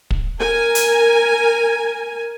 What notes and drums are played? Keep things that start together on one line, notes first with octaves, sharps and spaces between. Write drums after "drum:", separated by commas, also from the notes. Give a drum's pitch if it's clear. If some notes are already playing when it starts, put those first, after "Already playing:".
drum: kick
A#4 G#5
drum: hi-hat